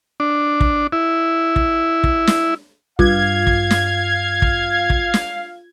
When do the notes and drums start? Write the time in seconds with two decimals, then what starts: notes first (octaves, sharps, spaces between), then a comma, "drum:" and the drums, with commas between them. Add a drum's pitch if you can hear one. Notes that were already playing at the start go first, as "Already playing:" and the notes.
0.20 D4
0.60 drum: kick
0.92 E4
1.56 drum: kick
2.04 drum: kick
2.27 drum: snare
2.99 G2 F4 F5 G#6, drum: kick
3.47 drum: kick
3.71 drum: snare
4.42 drum: kick
4.90 drum: kick
5.14 drum: snare